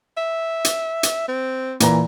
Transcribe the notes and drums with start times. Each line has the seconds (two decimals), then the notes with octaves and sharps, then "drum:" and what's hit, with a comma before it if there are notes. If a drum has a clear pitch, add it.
0.17 E5
0.65 drum: hi-hat
1.03 drum: hi-hat
1.28 C4
1.80 A#2 E3 A#5, drum: hi-hat